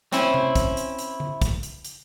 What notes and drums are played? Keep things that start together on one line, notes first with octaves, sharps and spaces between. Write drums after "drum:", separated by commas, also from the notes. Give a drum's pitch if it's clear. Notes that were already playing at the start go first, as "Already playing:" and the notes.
C4 C#4 E4, drum: hi-hat
drum: tom C3
drum: kick, hi-hat
drum: hi-hat
drum: hi-hat
drum: tom D3
drum: kick, hi-hat
drum: hi-hat
drum: hi-hat